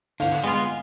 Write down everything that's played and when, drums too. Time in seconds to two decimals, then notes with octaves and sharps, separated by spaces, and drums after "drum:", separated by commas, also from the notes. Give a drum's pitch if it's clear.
0.20 D3 F5, drum: open hi-hat
0.44 G#3 B3 F4